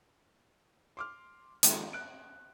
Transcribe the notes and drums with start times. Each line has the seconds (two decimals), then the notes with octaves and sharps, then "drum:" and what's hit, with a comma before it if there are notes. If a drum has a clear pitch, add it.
0.97 C6 D6 F6
1.63 D#3 F3 G#3 F4 G4 A4, drum: hi-hat
1.93 F#6 D7